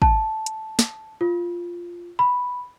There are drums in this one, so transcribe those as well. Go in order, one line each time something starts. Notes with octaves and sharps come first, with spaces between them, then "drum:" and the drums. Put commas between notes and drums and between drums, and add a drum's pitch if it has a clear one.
A5, drum: kick
drum: hi-hat
drum: snare
F4
B5